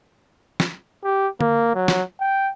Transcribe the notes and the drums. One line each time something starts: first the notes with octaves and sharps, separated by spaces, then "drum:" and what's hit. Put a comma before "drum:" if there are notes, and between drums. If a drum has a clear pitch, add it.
drum: snare
G4
A#3, drum: tom D3
F#3
drum: snare
G5